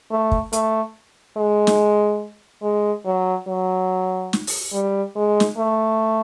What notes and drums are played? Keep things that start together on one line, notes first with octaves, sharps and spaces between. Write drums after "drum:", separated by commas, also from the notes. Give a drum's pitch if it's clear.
A3
drum: kick
A3, drum: hi-hat
G#3
drum: snare
G#3
F#3
F#3
drum: snare
drum: open hi-hat
G3
G#3
drum: snare
A3